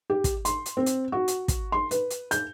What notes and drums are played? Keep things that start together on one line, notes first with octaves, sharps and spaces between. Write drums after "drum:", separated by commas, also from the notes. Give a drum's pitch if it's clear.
G4
drum: kick, hi-hat
C6, drum: hi-hat
drum: hi-hat
C4
drum: hi-hat
F#4
drum: hi-hat
drum: kick, hi-hat
C6
B4, drum: hi-hat
drum: hi-hat
G6, drum: hi-hat